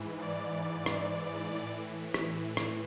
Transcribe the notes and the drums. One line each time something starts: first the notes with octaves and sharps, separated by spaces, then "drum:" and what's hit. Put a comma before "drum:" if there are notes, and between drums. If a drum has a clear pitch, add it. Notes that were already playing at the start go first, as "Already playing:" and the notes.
Already playing: G#2 E3
D5
drum: rim click
A2 E3
drum: rim click
drum: rim click